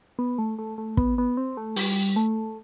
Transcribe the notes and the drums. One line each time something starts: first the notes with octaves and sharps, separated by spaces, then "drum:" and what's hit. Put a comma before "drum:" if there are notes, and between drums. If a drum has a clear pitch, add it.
B3
A3
A3
A3
B3, drum: kick
B3
C4
A3
G3, drum: open hi-hat
A3